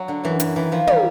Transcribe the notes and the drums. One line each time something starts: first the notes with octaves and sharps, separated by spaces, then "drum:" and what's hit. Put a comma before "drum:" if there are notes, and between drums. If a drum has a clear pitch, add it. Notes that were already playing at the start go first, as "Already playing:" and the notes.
Already playing: F#3
D3
F#2 E3
F#2, drum: hi-hat
D#3 E3
D#3 F3
D#3 G3, drum: tom